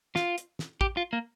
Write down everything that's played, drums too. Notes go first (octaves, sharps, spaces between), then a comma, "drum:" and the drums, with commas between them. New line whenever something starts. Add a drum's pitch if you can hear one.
F4, drum: snare
drum: hi-hat
drum: snare
G4, drum: kick
F4
A#3